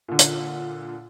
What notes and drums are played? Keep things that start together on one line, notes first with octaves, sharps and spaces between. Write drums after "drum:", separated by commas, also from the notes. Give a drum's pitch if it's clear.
A#2 D3
drum: hi-hat